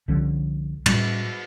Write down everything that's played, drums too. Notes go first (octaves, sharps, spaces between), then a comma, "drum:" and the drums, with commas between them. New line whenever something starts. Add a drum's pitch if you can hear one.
C2 D3 F3 C#4
A2 G3 C#4, drum: cymbal